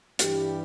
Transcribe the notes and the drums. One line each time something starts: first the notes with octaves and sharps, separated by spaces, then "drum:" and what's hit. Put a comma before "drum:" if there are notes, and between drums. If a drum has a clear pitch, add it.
G2 E3 G3 G4, drum: hi-hat